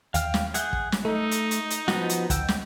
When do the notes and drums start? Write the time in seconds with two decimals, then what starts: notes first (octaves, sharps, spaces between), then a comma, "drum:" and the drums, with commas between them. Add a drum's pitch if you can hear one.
0.14 D#2 F5 G5 F6, drum: hi-hat
0.34 drum: snare
0.54 G#4 E5 F#5 G6, drum: hi-hat
0.73 drum: kick
0.92 drum: snare
1.05 A3 D#4 A4
1.31 drum: hi-hat
1.51 drum: hi-hat
1.70 drum: hi-hat
1.88 F3 B3 F#4, drum: snare
2.09 drum: hi-hat
2.30 D2 F#5 G5 E6, drum: kick, hi-hat
2.48 drum: snare